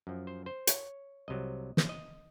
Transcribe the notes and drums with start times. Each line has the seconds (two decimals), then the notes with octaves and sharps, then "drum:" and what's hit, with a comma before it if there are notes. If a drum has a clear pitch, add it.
0.07 F#2 F3
0.27 C5
0.46 C5
0.67 C#5, drum: hi-hat
1.28 C2 C3 F#3 D#5
1.77 drum: snare
1.89 D#5